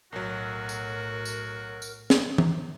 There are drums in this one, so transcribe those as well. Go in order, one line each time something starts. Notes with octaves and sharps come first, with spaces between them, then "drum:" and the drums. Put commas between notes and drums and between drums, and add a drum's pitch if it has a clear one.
B1 A2 F#3 F#4 A#4
drum: tambourine
drum: tambourine
drum: tambourine
drum: snare
drum: tom E3